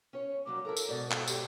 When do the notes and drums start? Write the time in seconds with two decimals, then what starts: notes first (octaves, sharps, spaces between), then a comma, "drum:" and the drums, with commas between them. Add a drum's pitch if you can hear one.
0.13 C#4 C#5
0.46 F#3 G3 A#3 D6
0.65 E4 A4 A#4 A#5
0.77 drum: tambourine
0.89 G#2 B2 D5
1.11 A4, drum: clap
1.28 G4, drum: tambourine